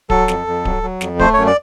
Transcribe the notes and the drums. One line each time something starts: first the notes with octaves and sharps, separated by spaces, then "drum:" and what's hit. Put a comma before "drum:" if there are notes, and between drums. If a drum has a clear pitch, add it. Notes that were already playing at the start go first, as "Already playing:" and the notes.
F#3 A4, drum: kick D1
F2, drum: snare
F2
F#3, drum: kick D1
F#3
F2, drum: snare
A3 C5, drum: kick D1
F#2 C#5
D5